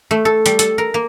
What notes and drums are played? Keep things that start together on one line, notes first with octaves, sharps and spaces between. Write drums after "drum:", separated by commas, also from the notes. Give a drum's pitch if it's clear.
A3
A4
G3, drum: hi-hat
A4, drum: hi-hat
A#4
A#3